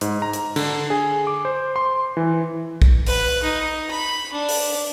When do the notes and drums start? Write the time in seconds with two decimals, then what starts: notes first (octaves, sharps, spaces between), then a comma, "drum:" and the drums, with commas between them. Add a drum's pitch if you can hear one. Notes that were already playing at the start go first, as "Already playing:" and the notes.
0.01 G#2, drum: hi-hat
0.22 A#5
0.33 drum: hi-hat
0.56 D3, drum: cymbal
0.90 G#4
1.27 D6
1.45 C5
1.76 C6
2.17 E3
2.82 drum: kick
3.07 B4, drum: open hi-hat
3.42 D#4
3.90 B5
4.33 D4
4.49 drum: open hi-hat